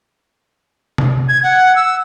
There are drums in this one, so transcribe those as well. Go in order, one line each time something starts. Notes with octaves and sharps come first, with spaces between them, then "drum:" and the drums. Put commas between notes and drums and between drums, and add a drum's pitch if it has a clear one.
drum: tom C3
G#6
F#5
E6